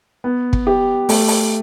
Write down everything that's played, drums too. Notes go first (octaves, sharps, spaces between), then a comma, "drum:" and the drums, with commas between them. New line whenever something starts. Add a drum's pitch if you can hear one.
B3
drum: kick
G4
A3, drum: open hi-hat
drum: open hi-hat